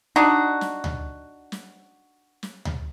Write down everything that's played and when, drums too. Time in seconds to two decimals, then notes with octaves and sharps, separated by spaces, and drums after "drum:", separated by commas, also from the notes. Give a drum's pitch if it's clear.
0.16 D4 D#4 F#4
0.61 drum: snare
0.84 drum: tom D2
1.52 drum: snare
2.43 drum: snare
2.65 drum: tom D2